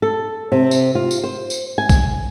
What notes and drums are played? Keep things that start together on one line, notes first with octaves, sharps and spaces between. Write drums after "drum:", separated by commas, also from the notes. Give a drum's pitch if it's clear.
A4
C3
drum: tambourine
F4
drum: tambourine
C5
drum: tambourine
G#5
drum: kick B1, tambourine